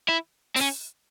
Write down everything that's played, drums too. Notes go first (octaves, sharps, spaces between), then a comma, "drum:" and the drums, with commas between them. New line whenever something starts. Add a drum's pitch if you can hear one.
E4
C4, drum: open hi-hat
C#4